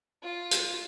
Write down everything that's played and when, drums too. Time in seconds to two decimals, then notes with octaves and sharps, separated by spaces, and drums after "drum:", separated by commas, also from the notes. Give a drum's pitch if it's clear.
0.23 F4
0.51 drum: hi-hat